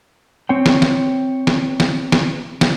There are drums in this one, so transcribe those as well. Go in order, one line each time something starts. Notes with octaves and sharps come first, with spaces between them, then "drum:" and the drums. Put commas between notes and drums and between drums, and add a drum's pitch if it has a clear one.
C4 C#5 G5
drum: snare
drum: snare
drum: snare
drum: snare
drum: snare
drum: snare